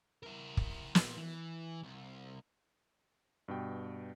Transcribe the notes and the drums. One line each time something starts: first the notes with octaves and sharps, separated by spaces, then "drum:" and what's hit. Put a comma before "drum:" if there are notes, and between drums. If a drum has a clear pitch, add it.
E4 A#4
drum: kick
A#2, drum: snare
E3
C2
G2 B2 G5